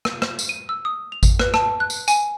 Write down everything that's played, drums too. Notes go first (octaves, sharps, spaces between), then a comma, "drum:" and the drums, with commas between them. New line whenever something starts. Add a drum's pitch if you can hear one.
drum: rim click
drum: rim click
drum: tambourine
D#7
E6
D#6
F7
drum: kick G#1, tambourine
B4, drum: rim click
A5, drum: rim click
F#6
drum: tambourine
G#5, drum: tambourine